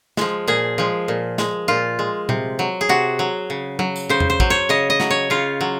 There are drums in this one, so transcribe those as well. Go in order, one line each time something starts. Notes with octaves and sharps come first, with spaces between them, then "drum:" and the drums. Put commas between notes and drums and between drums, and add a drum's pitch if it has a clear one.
F3 G#3, drum: snare
A#2 G#4
F3 G#3
A#2
G#3, drum: snare
A#2 F4
G#3
C3, drum: tom A#2
F#3
G#4
C3 F#4
F#3
C#3
F#3, drum: tom
drum: tambourine
C#3 C5
drum: tom E2
C5
F#3, drum: kick
C#5
C#3 D#5
D#5
F#3, drum: snare
C#5
C#3 F4
F#3